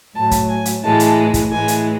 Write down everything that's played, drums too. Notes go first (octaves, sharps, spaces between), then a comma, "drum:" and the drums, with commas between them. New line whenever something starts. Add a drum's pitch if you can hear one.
A2 F#3 A5
drum: kick, hi-hat
G#5
drum: hi-hat
A2 E3 G#3 A5
drum: hi-hat
drum: kick, hi-hat
A2 E3 G#3 G#5
drum: hi-hat